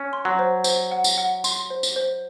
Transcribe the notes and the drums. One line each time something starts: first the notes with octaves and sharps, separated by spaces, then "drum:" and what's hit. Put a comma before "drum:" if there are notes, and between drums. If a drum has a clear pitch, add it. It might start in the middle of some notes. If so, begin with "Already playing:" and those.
Already playing: C#4
C6
F#3
C5
C5, drum: tambourine
F#5
drum: tambourine
F#5
C6, drum: tambourine
C5
drum: tambourine
C5